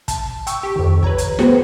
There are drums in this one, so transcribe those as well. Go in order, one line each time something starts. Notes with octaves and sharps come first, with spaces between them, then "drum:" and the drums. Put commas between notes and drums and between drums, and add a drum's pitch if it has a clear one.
A5, drum: kick, hi-hat
G5 C#6 E6, drum: hi-hat
G4
F2 D#3
B4 C#5 A#5 G#6, drum: kick
drum: hi-hat
B3 F#4 G#4 B4 C5 G5, drum: snare